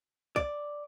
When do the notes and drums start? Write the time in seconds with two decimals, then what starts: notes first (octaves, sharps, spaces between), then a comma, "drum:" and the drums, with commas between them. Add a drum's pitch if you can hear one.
0.36 D5, drum: kick